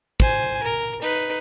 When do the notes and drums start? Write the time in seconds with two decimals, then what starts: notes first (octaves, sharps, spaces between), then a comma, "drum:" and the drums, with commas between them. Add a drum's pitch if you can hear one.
0.20 C5 G#5, drum: kick
0.63 A#4
1.02 D#4 B4, drum: hi-hat